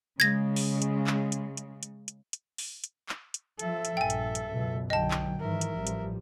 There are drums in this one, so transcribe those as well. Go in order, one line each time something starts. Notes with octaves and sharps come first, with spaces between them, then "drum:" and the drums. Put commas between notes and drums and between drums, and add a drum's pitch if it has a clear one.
C#3 G#3 G#6 A#6
drum: open hi-hat
drum: hi-hat
drum: clap
drum: hi-hat
drum: hi-hat
drum: hi-hat
drum: hi-hat
drum: hi-hat
drum: open hi-hat
drum: hi-hat
drum: clap
drum: hi-hat
F3 A4 E5, drum: hi-hat
drum: hi-hat
A#1 G2 G5 G#5
drum: hi-hat
drum: hi-hat
C#2 F#2 B2
B1 D3 F#3 D#5 G5 A5
drum: clap
G#2 D#3 E3 A#4 E5
drum: hi-hat
A1 F3 G3
drum: hi-hat